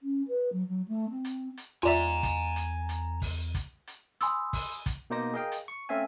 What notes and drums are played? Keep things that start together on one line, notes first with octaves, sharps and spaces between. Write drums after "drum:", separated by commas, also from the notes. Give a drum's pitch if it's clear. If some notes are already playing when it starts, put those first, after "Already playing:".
C#4
B4
F#3
F#3
A3
C4
drum: hi-hat
drum: hi-hat
E2 F4 D5 E5 G#5 A#5
drum: kick, hi-hat
drum: hi-hat
drum: hi-hat
drum: kick, open hi-hat
drum: kick, hi-hat
drum: hi-hat
G#5 B5 C6 D#6 E6, drum: hi-hat
drum: kick, open hi-hat
drum: kick, hi-hat
B2 A#3 D#4 C5 D6 A#6
G#4 A#4 D#5 F5 G5
drum: hi-hat
C#6
A3 C4 C#4 E5 F5 G#5